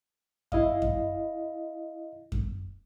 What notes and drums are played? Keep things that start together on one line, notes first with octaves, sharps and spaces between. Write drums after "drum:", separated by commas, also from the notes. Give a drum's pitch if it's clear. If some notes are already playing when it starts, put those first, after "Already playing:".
E4 D#5 F5, drum: kick F#2
drum: kick F#2
drum: kick F#2